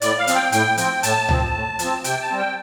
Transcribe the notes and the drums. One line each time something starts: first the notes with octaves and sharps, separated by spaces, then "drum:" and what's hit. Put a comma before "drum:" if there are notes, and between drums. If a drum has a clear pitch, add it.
A2 D5, drum: hi-hat
F5
F3 C4, drum: hi-hat
G5
A2 G5, drum: hi-hat
F3 C4 G5, drum: hi-hat
A2 A5, drum: hi-hat
F3 C4, drum: tom C#2
A2
F3, drum: hi-hat
C4
C3 G5, drum: hi-hat
A5
G3 C4
G5